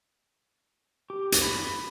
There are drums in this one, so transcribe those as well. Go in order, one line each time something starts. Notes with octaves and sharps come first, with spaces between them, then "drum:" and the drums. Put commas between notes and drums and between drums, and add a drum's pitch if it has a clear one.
G4
drum: hi-hat
B5